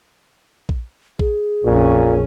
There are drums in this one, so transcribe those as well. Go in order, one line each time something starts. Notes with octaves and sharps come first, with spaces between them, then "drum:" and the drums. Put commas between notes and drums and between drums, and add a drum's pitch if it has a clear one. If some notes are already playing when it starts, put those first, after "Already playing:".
drum: kick A#1
G#4, drum: kick A#1
A#1 F2 A#2 C#4